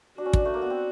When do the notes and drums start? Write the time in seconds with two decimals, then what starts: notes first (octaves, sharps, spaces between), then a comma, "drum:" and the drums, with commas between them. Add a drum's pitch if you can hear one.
0.18 D4 F#4
0.26 C#4
0.33 D4, drum: kick
0.45 A3
0.54 A#3
0.62 B3
0.70 C4